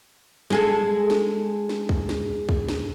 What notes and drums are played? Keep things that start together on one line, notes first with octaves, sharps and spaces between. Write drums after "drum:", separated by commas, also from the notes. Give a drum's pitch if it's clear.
G#3 G#4 A4, drum: snare
drum: snare
drum: snare
drum: kick
drum: snare
drum: kick
drum: snare